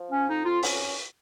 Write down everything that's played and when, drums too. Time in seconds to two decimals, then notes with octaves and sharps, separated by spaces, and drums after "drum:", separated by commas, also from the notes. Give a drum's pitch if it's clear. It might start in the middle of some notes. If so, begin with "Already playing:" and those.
Already playing: F3
0.10 C#4
0.27 F2 D#4
0.45 F4
0.63 C#4, drum: open hi-hat